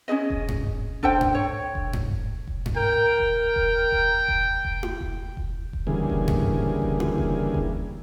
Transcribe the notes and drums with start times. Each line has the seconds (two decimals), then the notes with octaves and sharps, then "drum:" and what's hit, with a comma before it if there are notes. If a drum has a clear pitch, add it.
0.08 C#4 D#4 G#4 D#5
0.30 drum: kick E1
0.48 drum: tom G2
0.66 drum: kick E1
1.03 D4 A4 C5 G5, drum: kick E1
1.21 drum: tom G2
1.35 C#5
1.75 drum: kick E1
1.93 drum: tom G2
2.11 drum: kick E1
2.47 drum: kick E1
2.66 drum: tom G2
2.77 A#4 G5
3.20 drum: kick E1
3.56 drum: kick E1
3.92 drum: kick E1
4.28 drum: kick E1
4.65 drum: kick E1
4.83 drum: tom E4
5.01 drum: kick E1
5.37 drum: kick E1
5.73 drum: kick E1
5.87 D2 C#3 E3 G3 A#3 G#4
6.09 drum: kick E1
6.28 drum: tom G2
6.46 drum: kick E1
6.82 drum: kick E1
7.00 drum: tom E4
7.18 drum: kick E1
7.54 drum: kick E1